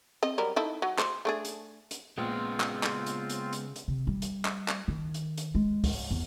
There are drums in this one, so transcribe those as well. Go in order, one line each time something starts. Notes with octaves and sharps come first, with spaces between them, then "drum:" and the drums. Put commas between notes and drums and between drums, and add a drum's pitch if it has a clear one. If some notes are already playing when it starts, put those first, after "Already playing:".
C4 D#5
F#3 G3 A#4
D#4 E4 A4
F#3
C5, drum: clap
A3 D4 G#4
drum: hi-hat
drum: hi-hat
A#1 C#3 G#3 B3 C4 F4 G5
drum: clap
drum: clap
drum: hi-hat
drum: hi-hat
drum: hi-hat
drum: hi-hat
C3
G3
drum: hi-hat
drum: clap
drum: clap
D#3
drum: hi-hat
drum: hi-hat
G#3
drum: kick, open hi-hat
E2